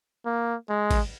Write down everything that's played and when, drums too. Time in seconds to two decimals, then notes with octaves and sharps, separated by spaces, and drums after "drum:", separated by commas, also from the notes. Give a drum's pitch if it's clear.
0.26 A#3
0.69 G#3
0.91 drum: kick, cymbal